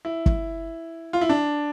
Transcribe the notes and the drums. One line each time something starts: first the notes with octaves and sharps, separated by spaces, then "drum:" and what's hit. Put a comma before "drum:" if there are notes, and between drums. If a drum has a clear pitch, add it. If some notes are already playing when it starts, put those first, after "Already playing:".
E4
drum: kick
F4
E4
D4